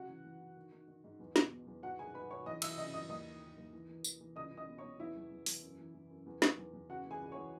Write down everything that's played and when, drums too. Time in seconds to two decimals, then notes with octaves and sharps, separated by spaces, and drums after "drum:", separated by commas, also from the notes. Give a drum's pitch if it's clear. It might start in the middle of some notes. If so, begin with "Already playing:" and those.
Already playing: C#3 F#4 F#5
0.09 E3
0.25 E3
0.41 E3
0.56 D#3
0.72 D#3
0.87 D#3
1.04 G#2
1.19 E2
1.36 B2, drum: snare
1.52 B2
1.67 E2
1.83 G#2 F#4 F#5
1.99 D#3 G#4 G#5
2.14 G#2 B4 B5
2.30 G#2 C#5 C#6
2.46 E3 D#5 D#6
2.62 E3 E5 E6, drum: cymbal
2.78 C#3 D#5 D#6
2.94 E3 D#5 D#6
3.09 D#2 D#5 D#6
3.26 D#3
3.42 D#3
3.57 D#2
3.73 E3
3.89 E3
4.04 E3, drum: tambourine
4.21 E3
4.36 C#2 D#5 D#6
4.52 C#2
4.57 D#5 D#6
4.68 B2
4.78 C#5 C#6
4.84 B2
5.00 E2 E4 E5
5.16 E2
5.31 E2
5.46 E2, drum: open hi-hat
5.63 F#2
5.78 E3
5.94 E3
6.10 F#2
6.26 E2
6.42 D#3, drum: snare
6.58 E2
6.73 E2
6.89 C#3 F#4 F#5
7.05 E3
7.10 G#4 G#5
7.21 C#2
7.32 E3 C#5 C#6